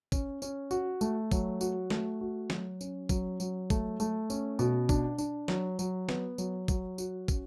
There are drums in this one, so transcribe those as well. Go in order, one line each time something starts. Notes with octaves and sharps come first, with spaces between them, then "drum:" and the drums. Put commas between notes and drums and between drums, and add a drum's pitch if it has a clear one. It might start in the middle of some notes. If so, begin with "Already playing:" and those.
C#4, drum: kick, tambourine
C#4, drum: tambourine
F#4, drum: tambourine
A3, drum: tambourine
F#3, drum: kick, tambourine
F#4, drum: tambourine
A3, drum: snare
F#4
F#3, drum: snare
C#4, drum: tambourine
F#3, drum: kick, tambourine
F#3, drum: tambourine
A3, drum: kick, tambourine
A3, drum: tambourine
C#4, drum: tambourine
B2, drum: tambourine
D4, drum: kick, tambourine
D4, drum: tambourine
F#3, drum: snare
F#3, drum: tambourine
B3, drum: snare
F#3, drum: tambourine
F#3, drum: kick, tambourine
F#4, drum: tambourine
C#4, drum: kick, tambourine